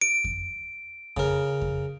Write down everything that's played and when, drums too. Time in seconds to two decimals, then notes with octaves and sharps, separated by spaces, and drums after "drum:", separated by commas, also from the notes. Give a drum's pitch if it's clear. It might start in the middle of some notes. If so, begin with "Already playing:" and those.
0.01 D7
0.24 drum: kick F2
1.17 C#3 A#4, drum: kick F2
1.61 drum: kick F2